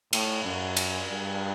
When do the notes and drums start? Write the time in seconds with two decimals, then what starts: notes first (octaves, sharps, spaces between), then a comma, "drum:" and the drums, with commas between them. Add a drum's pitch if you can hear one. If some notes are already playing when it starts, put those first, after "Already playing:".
0.13 A2, drum: cymbal
0.44 F#2
0.77 drum: cymbal
1.09 G2